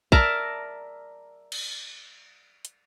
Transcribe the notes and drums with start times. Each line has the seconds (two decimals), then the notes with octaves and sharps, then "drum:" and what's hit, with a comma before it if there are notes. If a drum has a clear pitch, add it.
0.12 A#4 D5 E5 A5 A#5, drum: kick
1.52 drum: cymbal
2.65 drum: hi-hat